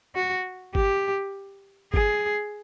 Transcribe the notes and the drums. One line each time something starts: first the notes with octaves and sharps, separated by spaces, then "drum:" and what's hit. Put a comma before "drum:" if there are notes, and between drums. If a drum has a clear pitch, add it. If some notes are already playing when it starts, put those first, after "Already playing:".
F#4
G4, drum: kick G1
G#4, drum: kick G1